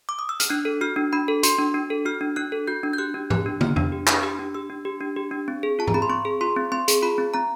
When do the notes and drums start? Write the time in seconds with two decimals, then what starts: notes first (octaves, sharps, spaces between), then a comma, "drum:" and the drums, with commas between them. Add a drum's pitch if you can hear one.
0.09 D6
0.19 D#6
0.29 E6
0.40 F6, drum: hi-hat
0.50 D4 F#6
0.65 A4
0.81 F#4 F6
0.96 D4
1.13 D4 B5
1.28 A4
1.43 F#4 C6, drum: hi-hat
1.59 D4
1.74 D4
1.90 A4
2.05 F#4 F6
2.21 D4
2.36 D4 F#6
2.52 A4
2.67 F#4 G6
2.83 D4
2.93 G6
2.98 G4 F#6
3.14 D4
3.30 G4 F#6, drum: tom G#2
3.46 D4
3.61 G4 F6, drum: tom
3.76 D4, drum: tom F2
3.92 G4
4.07 D4, drum: clap
4.23 G4 E6
4.39 D4
4.54 G4 E6
4.70 D4
4.85 G4
5.01 D4
5.16 G4
5.31 D4
5.48 C4
5.63 G#4
5.79 F4 A5
5.87 A#5, drum: tom G#2
5.94 C4 B5
6.02 C6
6.10 C4 C#6
6.25 G#4
6.41 F4 C6
6.56 C4
6.72 C4 C6
6.88 G#4, drum: hi-hat
7.03 F4 B5
7.18 C4
7.34 C4 A#5